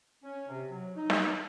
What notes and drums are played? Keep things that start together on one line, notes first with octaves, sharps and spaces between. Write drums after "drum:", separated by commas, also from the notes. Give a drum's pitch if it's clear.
C#4
C3
F#3
D#4
drum: snare